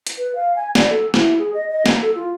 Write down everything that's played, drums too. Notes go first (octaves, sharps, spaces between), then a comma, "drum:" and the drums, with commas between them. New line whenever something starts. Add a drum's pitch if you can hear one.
drum: hi-hat
B4
F5
G#5
D5, drum: snare
A4
E4, drum: snare
G#4
D#5
D#5
A#3, drum: snare
A4
F4